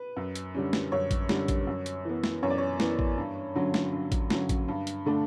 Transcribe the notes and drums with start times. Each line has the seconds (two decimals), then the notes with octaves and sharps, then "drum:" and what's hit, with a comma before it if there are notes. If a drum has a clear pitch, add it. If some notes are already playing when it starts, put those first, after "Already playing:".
Already playing: B4
0.16 F#2
0.35 drum: hi-hat
0.54 D3 G3 C#4
0.73 drum: snare
0.92 F#2 C#5
1.11 drum: kick A1, hi-hat
1.29 D3 G3 C#4, drum: snare
1.48 drum: kick A1, hi-hat
1.67 F#2
1.86 drum: hi-hat
2.05 E3 B3
2.24 drum: snare
2.43 F#2 C#5
2.50 D5
2.58 C#5
2.80 E3 B3, drum: snare
2.99 drum: kick A1
3.18 G2
3.55 D3 F#3 C#4
3.74 drum: snare
3.93 G2
4.12 drum: kick A1, hi-hat
4.30 D3 F#3 C#4, drum: snare
4.49 drum: kick A1, hi-hat
4.68 G2
4.87 drum: hi-hat
5.06 D3 A3 D4